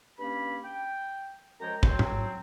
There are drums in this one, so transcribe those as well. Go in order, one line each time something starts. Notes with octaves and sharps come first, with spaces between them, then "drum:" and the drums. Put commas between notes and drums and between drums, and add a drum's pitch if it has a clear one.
G2 A#3 C#4 B5
G5
F#2 F3 G#3 C#5 G5 A#5
F#3 C4, drum: kick
drum: tom G#2